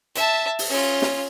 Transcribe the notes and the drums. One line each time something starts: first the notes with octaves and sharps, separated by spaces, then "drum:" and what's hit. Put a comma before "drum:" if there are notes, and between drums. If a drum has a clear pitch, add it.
E5 A5, drum: hi-hat
drum: open hi-hat
C#4 F4
drum: snare